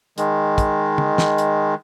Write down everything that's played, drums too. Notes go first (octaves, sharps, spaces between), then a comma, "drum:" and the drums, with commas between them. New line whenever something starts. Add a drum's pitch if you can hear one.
D#3 G#3, drum: hi-hat
drum: kick, hi-hat
drum: tom
drum: snare
drum: hi-hat